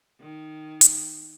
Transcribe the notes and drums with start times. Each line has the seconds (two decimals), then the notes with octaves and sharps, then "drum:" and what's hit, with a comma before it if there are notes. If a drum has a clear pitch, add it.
0.20 D#3
0.81 drum: hi-hat